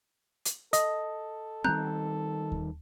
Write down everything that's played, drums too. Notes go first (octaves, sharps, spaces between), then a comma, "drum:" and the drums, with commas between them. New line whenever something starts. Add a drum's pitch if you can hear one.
drum: hi-hat
A4 D#5, drum: hi-hat
D#3 G3 C4 A#5 F#6 G6
drum: kick D#2